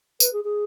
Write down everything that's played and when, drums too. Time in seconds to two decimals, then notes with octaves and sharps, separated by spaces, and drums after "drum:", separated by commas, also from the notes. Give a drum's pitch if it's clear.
0.20 B4, drum: tambourine
0.33 G#4
0.44 G#4